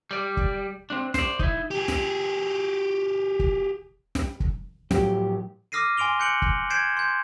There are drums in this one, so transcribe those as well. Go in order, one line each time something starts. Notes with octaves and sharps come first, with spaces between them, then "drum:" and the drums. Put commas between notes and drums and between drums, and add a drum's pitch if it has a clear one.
G3 D5
drum: kick
C4 D4
C5 D5, drum: snare
D#4 E4, drum: kick
G4 G#4
drum: snare
drum: kick
drum: snare
drum: kick
A2 F3 F#3 G4, drum: snare
D6 D#6 F6 A#6 C7 D#7
G#5 C6 D7 F7 G7
F#6 G6 C#7 D7 F#7
drum: kick
G6 G#6 C7 D7 E7
C6 G6